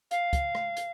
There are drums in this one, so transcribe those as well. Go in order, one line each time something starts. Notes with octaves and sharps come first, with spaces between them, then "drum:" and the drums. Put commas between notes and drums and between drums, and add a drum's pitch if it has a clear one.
F5, drum: hi-hat
drum: kick, hi-hat
drum: rim click
drum: hi-hat